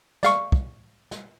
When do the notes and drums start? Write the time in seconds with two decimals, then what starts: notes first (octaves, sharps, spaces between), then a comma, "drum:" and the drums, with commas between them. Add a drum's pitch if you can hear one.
0.23 D5 F5 C#6, drum: snare
0.52 drum: kick
1.11 drum: snare